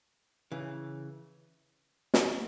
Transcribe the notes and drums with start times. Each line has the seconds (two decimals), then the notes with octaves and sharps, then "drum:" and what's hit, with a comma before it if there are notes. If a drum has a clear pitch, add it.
0.52 C#3 E3
2.14 drum: snare